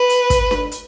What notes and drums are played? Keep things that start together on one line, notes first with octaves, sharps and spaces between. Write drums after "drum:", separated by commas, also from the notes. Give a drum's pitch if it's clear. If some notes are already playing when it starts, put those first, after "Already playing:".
Already playing: B4
drum: hi-hat
drum: kick, hi-hat
drum: snare D4
drum: hi-hat